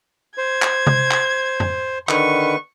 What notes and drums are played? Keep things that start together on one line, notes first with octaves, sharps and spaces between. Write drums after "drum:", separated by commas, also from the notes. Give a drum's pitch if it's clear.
C5 G#6
drum: clap
drum: tom C3
drum: clap
drum: tom F2
D3 D#3 B4 C#6, drum: clap